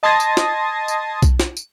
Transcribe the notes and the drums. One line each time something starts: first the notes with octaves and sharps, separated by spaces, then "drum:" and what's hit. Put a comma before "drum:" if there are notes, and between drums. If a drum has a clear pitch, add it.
D#5 A5 C6 D#6 G#6 A#6
drum: tambourine
drum: snare
drum: tambourine
drum: kick B1, tambourine
drum: snare
drum: tambourine